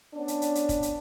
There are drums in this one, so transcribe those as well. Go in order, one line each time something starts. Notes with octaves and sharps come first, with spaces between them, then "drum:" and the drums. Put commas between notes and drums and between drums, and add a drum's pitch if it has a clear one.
B3 C#4 D4
drum: hi-hat
drum: hi-hat
drum: hi-hat
drum: kick, hi-hat
drum: hi-hat